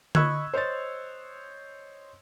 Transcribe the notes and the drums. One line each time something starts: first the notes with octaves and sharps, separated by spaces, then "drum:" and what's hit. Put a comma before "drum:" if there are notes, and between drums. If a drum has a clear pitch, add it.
D#5 B5 C#6 E6 F#6 G#6, drum: tom D3
C5 C#5 D#5 C6 A6